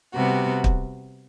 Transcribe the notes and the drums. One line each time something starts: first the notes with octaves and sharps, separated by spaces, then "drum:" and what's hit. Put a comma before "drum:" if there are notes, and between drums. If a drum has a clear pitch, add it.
C3 G3 B3 F#4
drum: kick